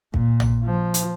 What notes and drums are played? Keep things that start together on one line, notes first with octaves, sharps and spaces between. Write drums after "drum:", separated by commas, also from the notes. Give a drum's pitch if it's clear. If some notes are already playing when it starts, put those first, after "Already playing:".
A#2, drum: kick
drum: tom A#1
F3
drum: hi-hat